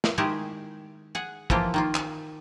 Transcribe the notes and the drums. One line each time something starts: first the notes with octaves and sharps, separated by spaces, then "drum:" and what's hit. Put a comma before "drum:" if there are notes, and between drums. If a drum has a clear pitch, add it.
drum: snare
D#3 G#3 E4 G4 G#4 D#5
G#4 F#5
E3 F3 A#3 F4 G4, drum: kick
D#3 A#3 F4
drum: clap